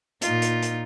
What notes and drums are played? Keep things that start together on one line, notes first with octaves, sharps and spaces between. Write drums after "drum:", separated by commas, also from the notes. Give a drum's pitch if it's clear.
A#2 D#4 F4, drum: hi-hat
drum: hi-hat
drum: hi-hat